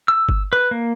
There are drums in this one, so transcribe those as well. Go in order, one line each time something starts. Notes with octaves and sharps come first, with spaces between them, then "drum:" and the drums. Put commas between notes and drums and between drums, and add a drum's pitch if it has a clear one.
E6
drum: kick G1
B4
A#3